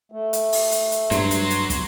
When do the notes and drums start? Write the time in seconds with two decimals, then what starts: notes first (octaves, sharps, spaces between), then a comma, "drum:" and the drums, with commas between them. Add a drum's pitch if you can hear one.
0.12 A3
0.33 drum: hi-hat
0.52 drum: open hi-hat
0.72 drum: hi-hat
0.92 drum: hi-hat
1.11 G2 F#3 C6, drum: hi-hat
1.31 drum: hi-hat
1.50 drum: hi-hat
1.70 drum: kick, hi-hat